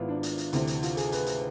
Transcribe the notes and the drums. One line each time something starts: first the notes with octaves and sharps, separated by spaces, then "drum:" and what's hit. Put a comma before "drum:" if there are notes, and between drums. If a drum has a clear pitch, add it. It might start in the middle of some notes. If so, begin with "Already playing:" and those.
Already playing: G#1 G#2 B3 E4 F4
D4
drum: hi-hat
drum: hi-hat
D2 C3 E3, drum: hi-hat
drum: hi-hat
F4, drum: hi-hat
G#4, drum: hi-hat
B4, drum: hi-hat
drum: hi-hat